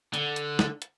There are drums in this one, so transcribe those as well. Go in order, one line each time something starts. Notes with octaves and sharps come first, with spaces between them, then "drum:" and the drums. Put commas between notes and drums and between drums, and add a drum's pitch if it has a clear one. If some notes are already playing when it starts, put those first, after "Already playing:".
D3, drum: hi-hat
drum: hi-hat
drum: snare
drum: hi-hat